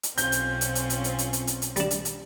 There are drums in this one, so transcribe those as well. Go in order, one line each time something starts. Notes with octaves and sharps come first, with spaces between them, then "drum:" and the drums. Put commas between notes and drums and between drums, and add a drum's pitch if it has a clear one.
drum: hi-hat
B1 C4 C#4 F4 G6, drum: hi-hat
drum: hi-hat
drum: hi-hat
drum: hi-hat
drum: hi-hat
drum: hi-hat
drum: hi-hat
drum: hi-hat
drum: hi-hat
drum: hi-hat
G3 D4, drum: hi-hat
drum: hi-hat
drum: hi-hat